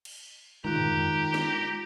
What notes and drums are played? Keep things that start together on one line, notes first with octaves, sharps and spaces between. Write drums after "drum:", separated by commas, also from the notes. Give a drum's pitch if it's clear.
drum: cymbal
D#3 G#3 F4 G4 A#5 F#6
drum: tom
drum: snare